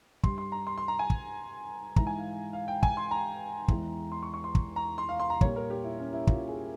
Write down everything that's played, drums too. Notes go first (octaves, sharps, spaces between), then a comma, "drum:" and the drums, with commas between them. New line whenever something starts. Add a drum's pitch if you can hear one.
G2 G3 C6, drum: kick
C6
A#5
C6
C6
A#5
G#5
drum: kick
G#2 E3 G#3 A#5, drum: kick
G#5
F5
F5
G5
G#5, drum: kick
C6
A#5
E2 E3 G#3, drum: kick
C6
C#6
C#6
C6
drum: kick
A#5
C6
F5
C6
A#5
A#2 G3 C#5, drum: kick
A#4
G4
E4
C#4
E4
F4, drum: kick
G#4